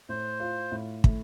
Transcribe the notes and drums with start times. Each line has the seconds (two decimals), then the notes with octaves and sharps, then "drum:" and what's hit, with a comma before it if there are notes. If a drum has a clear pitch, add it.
0.09 A2 C5
0.40 F4
0.72 A2
1.04 A3, drum: kick